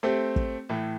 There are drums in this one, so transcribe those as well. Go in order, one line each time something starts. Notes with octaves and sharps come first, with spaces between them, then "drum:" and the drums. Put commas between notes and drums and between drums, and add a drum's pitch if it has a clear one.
A3 C4 G4
drum: kick
A2 E3 A3